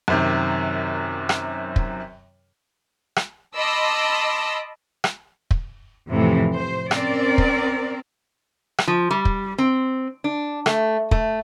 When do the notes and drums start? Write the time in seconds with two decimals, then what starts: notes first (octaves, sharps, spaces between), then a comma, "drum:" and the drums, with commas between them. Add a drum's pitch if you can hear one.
0.08 F#2 C3 D#3
1.29 drum: rim click
1.76 drum: kick
3.16 drum: rim click
3.55 D#5 A5 B5 C6 D6 E6
5.04 drum: rim click
5.51 drum: kick
6.10 F2 A2 C3 E3
6.54 C5
6.91 C4 C#4 A#4 D5, drum: rim click
7.38 drum: kick
8.78 drum: rim click
8.87 F3
9.11 G3
9.25 drum: kick
9.58 C4
10.24 D4
10.66 A3, drum: rim click
11.11 A3, drum: kick